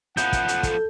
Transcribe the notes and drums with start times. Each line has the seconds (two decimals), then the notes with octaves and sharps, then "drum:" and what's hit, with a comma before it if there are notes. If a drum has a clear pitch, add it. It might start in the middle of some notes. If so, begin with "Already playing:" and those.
0.17 F3 B3 E4 A#4 F#5 G6, drum: hi-hat
0.33 drum: kick, hi-hat
0.48 A4, drum: hi-hat
0.63 drum: kick, hi-hat